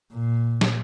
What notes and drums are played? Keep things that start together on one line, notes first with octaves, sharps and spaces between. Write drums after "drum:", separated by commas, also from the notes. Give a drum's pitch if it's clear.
A#2
drum: snare